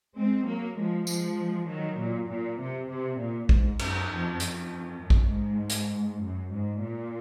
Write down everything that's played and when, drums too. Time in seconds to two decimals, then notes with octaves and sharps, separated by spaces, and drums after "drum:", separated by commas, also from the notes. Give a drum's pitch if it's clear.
0.16 G#3 C4
0.46 F#3 A#3
0.77 F3 G#3
1.07 F3 G#3, drum: tambourine
1.67 D#3 F#3
1.98 A#2
2.28 A#2
2.59 C3
2.88 C3
3.19 A#2
3.49 G#2, drum: kick A#1
3.79 F#2, drum: cymbal
4.10 F2
4.40 F2, drum: hi-hat
5.00 F#2
5.10 drum: kick A#1
5.31 G#2
5.70 drum: hi-hat
6.22 F#2
6.52 G#2
6.82 A#2